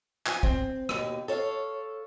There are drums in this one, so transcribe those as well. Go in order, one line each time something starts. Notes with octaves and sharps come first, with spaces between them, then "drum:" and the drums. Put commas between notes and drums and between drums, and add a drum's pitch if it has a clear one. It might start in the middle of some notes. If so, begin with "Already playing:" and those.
F3 G#5, drum: clap
C4, drum: kick
D#2 B2, drum: rim click
A4 C#5 E5 F5